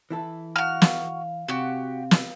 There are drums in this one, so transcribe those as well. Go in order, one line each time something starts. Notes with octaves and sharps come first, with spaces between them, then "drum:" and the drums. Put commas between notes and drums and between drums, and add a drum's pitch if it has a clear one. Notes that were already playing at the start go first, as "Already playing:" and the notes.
E3 E4 A4
F#4 F5 F6
drum: snare
C3 F#4 G4
drum: snare